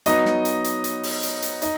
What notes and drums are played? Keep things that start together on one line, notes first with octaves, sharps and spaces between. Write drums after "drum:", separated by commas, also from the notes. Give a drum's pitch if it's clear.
F#3 B3 D#4 D#5, drum: hi-hat
drum: snare
drum: hi-hat
drum: hi-hat
drum: hi-hat
drum: open hi-hat
drum: hi-hat
drum: hi-hat
D#4 D#5, drum: hi-hat